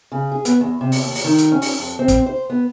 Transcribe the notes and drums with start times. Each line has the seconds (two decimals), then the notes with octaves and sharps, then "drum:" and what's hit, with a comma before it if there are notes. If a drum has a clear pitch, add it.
0.12 C#3
0.32 G#4
0.45 B3, drum: hi-hat
0.61 E2
0.81 C3
0.92 drum: open hi-hat
1.03 D#2
1.15 drum: open hi-hat
1.24 D#3
1.38 drum: hi-hat
1.52 C#4
1.62 drum: open hi-hat
1.79 F2
1.99 C4
2.08 drum: kick, hi-hat
2.26 C5
2.50 B3